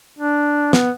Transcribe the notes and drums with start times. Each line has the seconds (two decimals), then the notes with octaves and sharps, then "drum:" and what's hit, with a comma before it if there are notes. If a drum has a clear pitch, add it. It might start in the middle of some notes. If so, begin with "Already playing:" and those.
0.19 D4
0.73 B3, drum: snare